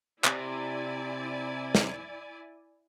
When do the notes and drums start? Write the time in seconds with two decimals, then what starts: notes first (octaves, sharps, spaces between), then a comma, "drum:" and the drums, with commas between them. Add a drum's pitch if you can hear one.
0.24 C3 E4 D5 G#5, drum: clap
1.75 drum: snare